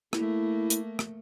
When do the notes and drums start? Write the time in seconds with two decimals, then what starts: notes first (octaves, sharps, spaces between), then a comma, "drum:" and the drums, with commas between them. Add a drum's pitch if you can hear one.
0.13 A3 A#3 E4, drum: rim click
0.70 drum: hi-hat
0.99 drum: rim click